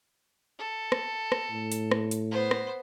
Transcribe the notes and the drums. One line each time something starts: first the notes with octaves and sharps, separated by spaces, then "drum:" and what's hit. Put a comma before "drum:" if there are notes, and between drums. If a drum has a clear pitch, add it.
A4
drum: rim click
drum: rim click
A2
drum: hi-hat
drum: rim click
drum: hi-hat
B3 C5
drum: rim click